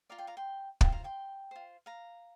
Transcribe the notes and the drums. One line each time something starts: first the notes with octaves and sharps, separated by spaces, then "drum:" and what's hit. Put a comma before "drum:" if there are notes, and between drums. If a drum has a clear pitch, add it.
F4 D5 F5 A#5
G5 C6
F5 A#5
G5 C6
F4 C5 G5, drum: kick
F5 A#5
G5 C6
F4 C5
F5 A#5